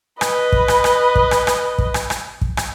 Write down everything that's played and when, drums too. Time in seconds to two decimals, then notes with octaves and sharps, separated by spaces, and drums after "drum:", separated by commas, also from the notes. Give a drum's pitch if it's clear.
0.21 B4 D#5, drum: rim click
0.52 drum: kick
0.68 drum: rim click
0.84 drum: rim click
1.15 drum: kick
1.31 drum: rim click
1.47 drum: rim click
1.78 drum: kick
1.94 drum: rim click
2.10 drum: rim click
2.41 drum: kick
2.57 drum: rim click